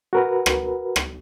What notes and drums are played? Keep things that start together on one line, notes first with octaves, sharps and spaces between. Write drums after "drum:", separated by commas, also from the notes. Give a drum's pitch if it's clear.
F#4 A#4 B4
drum: rim click
drum: rim click